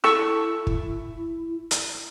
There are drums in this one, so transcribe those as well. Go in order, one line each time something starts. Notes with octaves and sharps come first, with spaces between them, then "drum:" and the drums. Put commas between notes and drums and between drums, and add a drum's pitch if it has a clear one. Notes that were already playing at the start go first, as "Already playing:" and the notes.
E4 A4 C#6 E6, drum: rim click
drum: kick
drum: hi-hat